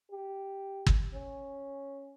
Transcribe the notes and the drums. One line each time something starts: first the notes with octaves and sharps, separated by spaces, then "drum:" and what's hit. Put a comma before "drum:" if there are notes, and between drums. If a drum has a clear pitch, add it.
G4
drum: kick
C#4